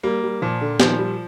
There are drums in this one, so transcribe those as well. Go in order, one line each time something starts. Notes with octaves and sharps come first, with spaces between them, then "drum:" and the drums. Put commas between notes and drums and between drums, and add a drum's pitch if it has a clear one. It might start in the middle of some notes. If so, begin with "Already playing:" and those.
G3 A#3
G3
A#2 F3
D3
D#3 F3, drum: snare
G3